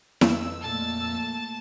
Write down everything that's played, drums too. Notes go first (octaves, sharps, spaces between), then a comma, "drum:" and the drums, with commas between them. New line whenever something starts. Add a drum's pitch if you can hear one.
F2 E6, drum: snare E4
A#2 A3 A#3 A5